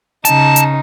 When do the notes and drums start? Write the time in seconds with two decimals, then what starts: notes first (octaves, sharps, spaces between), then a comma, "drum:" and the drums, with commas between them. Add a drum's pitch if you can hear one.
0.25 C#3 D#4 A5, drum: hi-hat
0.56 drum: hi-hat